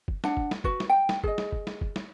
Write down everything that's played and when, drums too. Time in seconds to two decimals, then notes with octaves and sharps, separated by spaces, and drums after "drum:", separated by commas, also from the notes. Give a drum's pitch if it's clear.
0.08 drum: kick
0.24 D4 F#5, drum: snare
0.37 drum: kick
0.51 drum: snare
0.64 F#4 B4, drum: kick
0.80 drum: snare
0.90 G5
1.09 drum: snare
1.24 G#4 D#5, drum: kick
1.38 drum: snare
1.52 drum: kick
1.67 drum: snare
1.81 drum: kick
1.96 drum: snare